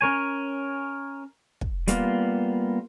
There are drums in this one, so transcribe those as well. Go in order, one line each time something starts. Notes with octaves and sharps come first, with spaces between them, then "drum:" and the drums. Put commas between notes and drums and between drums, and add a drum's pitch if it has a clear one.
C#4 A#4 C#5 G#5
drum: kick
G3 A#3 B3 F4, drum: hi-hat